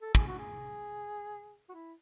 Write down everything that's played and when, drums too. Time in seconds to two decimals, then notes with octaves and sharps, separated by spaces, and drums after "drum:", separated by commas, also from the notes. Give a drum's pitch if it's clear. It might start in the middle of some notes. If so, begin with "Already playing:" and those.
0.02 A4
0.15 G#4, drum: kick
0.27 F#4
0.38 G#4
1.70 F#4
1.74 E4